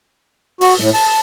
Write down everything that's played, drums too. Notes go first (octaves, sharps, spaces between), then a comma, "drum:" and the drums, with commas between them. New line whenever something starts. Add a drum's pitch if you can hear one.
F#4, drum: open hi-hat
A2, drum: snare
A5, drum: open hi-hat
A5